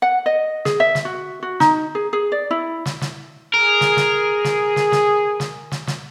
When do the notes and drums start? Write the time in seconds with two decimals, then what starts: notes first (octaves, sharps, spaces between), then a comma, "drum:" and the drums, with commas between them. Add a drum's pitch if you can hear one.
0.02 F#5
0.26 D#5
0.65 G#4, drum: snare
0.80 E5
0.95 drum: snare
1.05 F#4
1.43 F#4
1.60 D#4, drum: snare
1.95 G#4
2.13 G#4
2.32 D5
2.51 E4
2.86 drum: snare
3.01 drum: snare
3.54 G#4 A#4
3.81 drum: snare
3.97 drum: snare
4.44 drum: snare
4.76 drum: snare
4.92 drum: snare
5.40 drum: snare
5.72 drum: snare
5.87 drum: snare